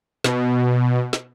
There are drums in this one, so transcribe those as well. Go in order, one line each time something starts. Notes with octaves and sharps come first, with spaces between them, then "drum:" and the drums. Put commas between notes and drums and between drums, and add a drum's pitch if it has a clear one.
B2, drum: snare
drum: snare